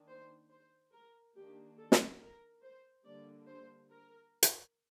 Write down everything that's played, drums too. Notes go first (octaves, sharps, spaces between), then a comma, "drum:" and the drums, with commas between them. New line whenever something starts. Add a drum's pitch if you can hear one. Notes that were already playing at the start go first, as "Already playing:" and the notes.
Already playing: D#3 A#3 D4
C5
C5
A#4
D#3 A#3 D4 G4
A4
drum: snare
A#4
C5
D3 G3 A#3 D4 D5
C5
A#4
drum: hi-hat